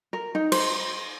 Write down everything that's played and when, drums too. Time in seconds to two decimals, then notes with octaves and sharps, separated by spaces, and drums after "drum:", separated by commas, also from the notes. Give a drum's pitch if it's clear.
0.13 A#4
0.35 D#4
0.52 C5, drum: cymbal